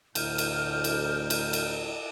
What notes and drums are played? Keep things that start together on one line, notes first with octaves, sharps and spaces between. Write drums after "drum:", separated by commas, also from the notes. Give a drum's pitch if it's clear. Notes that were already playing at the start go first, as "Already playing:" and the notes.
D2 A2 F6 G6, drum: cymbal
drum: cymbal
drum: cymbal
drum: cymbal
drum: cymbal